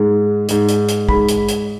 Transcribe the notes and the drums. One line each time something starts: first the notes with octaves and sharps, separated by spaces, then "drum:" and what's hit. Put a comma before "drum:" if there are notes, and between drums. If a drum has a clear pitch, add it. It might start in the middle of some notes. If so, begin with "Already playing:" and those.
Already playing: G#2 G#3
G#2 G#3, drum: hi-hat
drum: hi-hat
drum: hi-hat
G#2 G#3 B5, drum: kick
drum: hi-hat
drum: hi-hat